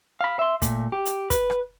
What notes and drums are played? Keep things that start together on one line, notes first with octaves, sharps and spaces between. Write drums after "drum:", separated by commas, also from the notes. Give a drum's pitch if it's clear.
F5 B5
E5 C6
A#2 A3, drum: kick, hi-hat
G4
drum: hi-hat
B4, drum: kick, hi-hat
drum: rim click